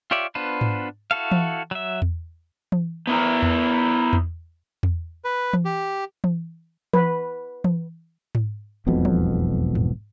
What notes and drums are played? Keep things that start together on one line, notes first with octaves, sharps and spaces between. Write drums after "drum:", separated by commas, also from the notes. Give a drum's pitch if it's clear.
F4 G4 C#5 D5 E5
B3 D4 F4 B4 C5
drum: tom G#2
E4 F#4 A4 F5
drum: tom E3
F#3 E5
drum: tom E2
drum: tom E3
B3 E4 A#4
drum: tom E2
drum: tom E2
drum: tom E2
B4
drum: tom E3
G4
drum: tom E3
B4, drum: tom E3
drum: tom E3
drum: tom G#2
E1 B1 F2 B2
drum: tom F3
drum: tom G#2